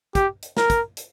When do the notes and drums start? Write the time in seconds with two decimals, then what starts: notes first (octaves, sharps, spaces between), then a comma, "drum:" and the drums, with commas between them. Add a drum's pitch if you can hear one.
0.15 G4, drum: kick, hi-hat
0.43 drum: hi-hat
0.57 A#4, drum: snare
0.70 drum: kick, hi-hat
0.97 drum: hi-hat